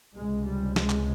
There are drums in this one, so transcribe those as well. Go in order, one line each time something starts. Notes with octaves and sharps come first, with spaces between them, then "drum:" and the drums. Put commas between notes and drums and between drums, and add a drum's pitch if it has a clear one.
C#2 C3 G#3
G3
G#3, drum: snare
drum: clap